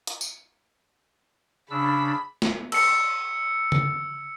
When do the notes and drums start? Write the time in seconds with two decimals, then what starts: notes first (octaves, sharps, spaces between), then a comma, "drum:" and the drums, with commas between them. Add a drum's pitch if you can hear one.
0.07 drum: hi-hat
0.21 drum: tambourine
1.71 C#3 D4 B5 E6
2.42 drum: snare
2.72 E6 C#7, drum: cymbal
3.72 drum: tom C#3